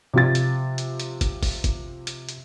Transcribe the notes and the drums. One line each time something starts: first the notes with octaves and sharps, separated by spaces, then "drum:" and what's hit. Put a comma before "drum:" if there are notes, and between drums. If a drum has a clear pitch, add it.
C3 F3 A6
drum: hi-hat
drum: hi-hat
drum: hi-hat
drum: kick, hi-hat
drum: kick, open hi-hat
drum: kick, hi-hat
drum: hi-hat
drum: hi-hat